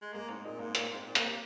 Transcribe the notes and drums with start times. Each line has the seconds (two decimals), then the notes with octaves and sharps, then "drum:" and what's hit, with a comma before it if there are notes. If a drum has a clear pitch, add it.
0.02 G#3
0.14 G#3 A#3
0.29 G#2 C4
0.44 A#2 D#4
0.59 G#2 A#3
0.75 A#2 A#3, drum: hi-hat
0.90 G#2 C4
1.06 A#2
1.15 C3 A#3, drum: hi-hat